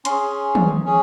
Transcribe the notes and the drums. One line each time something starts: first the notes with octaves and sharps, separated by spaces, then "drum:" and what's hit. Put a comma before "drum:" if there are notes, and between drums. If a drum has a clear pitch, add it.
C#4 G#4 C6, drum: hi-hat
drum: tom
C#4 G#4